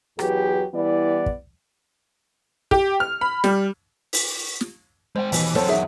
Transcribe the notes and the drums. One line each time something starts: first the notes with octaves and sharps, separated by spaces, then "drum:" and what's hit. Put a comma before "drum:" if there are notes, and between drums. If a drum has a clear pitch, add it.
E2 F#3 G4 G#4 B4, drum: rim click
E3 G3 B3 E4 D5
drum: kick
G4, drum: kick
F6
B5
G3, drum: snare
drum: open hi-hat
drum: snare
G#3 C5 G5
D#2 B2 E3, drum: open hi-hat
E2 F#3 C4 A4 C#5, drum: snare
D#3 G#4 E5